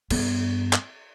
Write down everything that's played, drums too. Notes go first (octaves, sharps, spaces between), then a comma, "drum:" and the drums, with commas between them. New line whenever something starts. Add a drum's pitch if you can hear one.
G2 B3, drum: cymbal
drum: clap